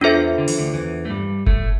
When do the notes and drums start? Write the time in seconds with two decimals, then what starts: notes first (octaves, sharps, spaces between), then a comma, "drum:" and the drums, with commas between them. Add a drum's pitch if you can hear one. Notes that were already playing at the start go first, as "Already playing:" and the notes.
0.01 E2 E3 D4 F4 A4 C5 E5
0.38 D3
0.48 E3, drum: open hi-hat
0.58 D2 D3
0.74 E2 E3
1.05 A3
1.10 G2 G3
1.47 A2 A3, drum: kick F#1